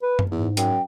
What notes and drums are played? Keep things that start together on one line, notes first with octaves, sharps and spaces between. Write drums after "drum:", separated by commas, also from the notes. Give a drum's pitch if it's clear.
B4
drum: tom F#2
E2 G#2
F#2 G5, drum: hi-hat